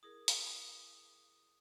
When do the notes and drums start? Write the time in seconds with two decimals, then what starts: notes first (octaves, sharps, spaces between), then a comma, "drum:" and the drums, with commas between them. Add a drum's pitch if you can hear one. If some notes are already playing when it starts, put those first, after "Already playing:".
0.03 E4 G#4 A#4 D#6
0.28 drum: hi-hat